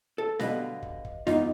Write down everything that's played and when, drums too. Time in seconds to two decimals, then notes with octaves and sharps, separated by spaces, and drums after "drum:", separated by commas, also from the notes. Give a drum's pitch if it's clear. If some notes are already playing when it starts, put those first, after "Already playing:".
0.18 A4
0.39 B2 D3 G3 B4 D#5 F5, drum: snare
0.82 drum: kick
1.05 drum: kick
1.27 E2 B3 D#4 F4, drum: snare